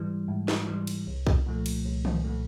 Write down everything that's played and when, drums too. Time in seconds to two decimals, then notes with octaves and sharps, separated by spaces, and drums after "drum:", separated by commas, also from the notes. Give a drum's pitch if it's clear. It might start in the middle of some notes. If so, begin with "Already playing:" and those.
Already playing: G#2 E3 G3
0.28 G#2
0.48 drum: snare
0.67 E3 G3
0.87 drum: cymbal
1.07 C2
1.27 drum: kick C2
1.46 A#2 F3 A3
1.66 drum: cymbal
1.85 C2
2.05 drum: tom D#3
2.24 A#2 F3 A3